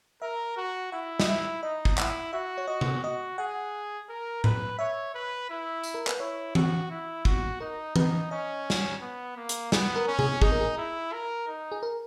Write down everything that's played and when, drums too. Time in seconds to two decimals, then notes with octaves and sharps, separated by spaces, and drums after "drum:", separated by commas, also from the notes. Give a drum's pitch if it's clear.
0.22 A#4 E5
0.57 F#4
0.92 E4 F#5
1.20 D#5, drum: snare
1.27 E4 E5
1.63 D#4 D#5
1.85 drum: kick
1.98 E4 F#5, drum: clap
2.33 F#4 E5
2.58 C#5
2.68 F#4 D#5
2.81 drum: tom C3
3.03 F#4 D#5
3.38 G#4 F#5
4.09 A#4
4.44 B4, drum: tom A2
4.79 C#5 E5
5.14 B4
5.50 E4
5.83 drum: tambourine
5.94 A#4
6.07 B4, drum: clap
6.20 E4 C#5
6.55 F#4, drum: tom E3
6.90 E4
7.25 F#4, drum: kick
7.60 D#4 A#4
7.96 D#4 B4, drum: tom E3
8.31 C#4 D#5
8.70 drum: snare
9.01 B3
9.36 A#3
9.49 drum: hi-hat
9.72 B3 G#4, drum: snare
9.96 A#4
10.07 C#4
10.19 G#4, drum: tom C3
10.42 D#4 G#4, drum: kick
10.52 A#4
10.61 G#4
10.77 E4
11.12 A#4
11.48 D#4
11.72 G#4
11.83 A#4